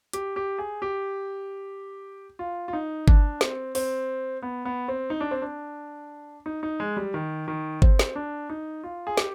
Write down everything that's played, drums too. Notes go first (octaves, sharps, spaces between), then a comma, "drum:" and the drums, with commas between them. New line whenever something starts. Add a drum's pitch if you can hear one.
G4, drum: hi-hat
G4
G#4
G4
F4
F4
D#4
D4, drum: kick G1
C4, drum: snare
C4, drum: open hi-hat
B3
B3
C4
D#4
D4
C4
D4
D#4
D#4
G#3
G3
D#3
D#3
C4, drum: kick G1
drum: snare
D4
D#4
F4
G#4
G4, drum: snare